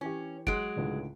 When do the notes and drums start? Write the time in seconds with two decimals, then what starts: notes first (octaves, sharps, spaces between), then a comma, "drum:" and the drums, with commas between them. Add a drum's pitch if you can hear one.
0.01 E3 C#4 G4
0.47 F#3 G#3 D7, drum: kick
0.76 C#2 A2 D3